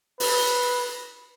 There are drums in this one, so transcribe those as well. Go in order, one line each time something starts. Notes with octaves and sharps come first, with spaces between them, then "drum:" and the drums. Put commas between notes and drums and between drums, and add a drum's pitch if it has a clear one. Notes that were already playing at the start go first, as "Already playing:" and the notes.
B4, drum: open hi-hat